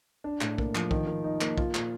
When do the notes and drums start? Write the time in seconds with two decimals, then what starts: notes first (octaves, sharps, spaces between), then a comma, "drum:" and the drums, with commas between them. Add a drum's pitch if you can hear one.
0.24 D4
0.41 A2, drum: clap
0.58 A#3, drum: kick
0.75 F3, drum: clap
0.91 D#3, drum: kick
1.07 D#3
1.24 D#4
1.41 A#3, drum: clap
1.58 F4, drum: kick
1.75 A#2, drum: clap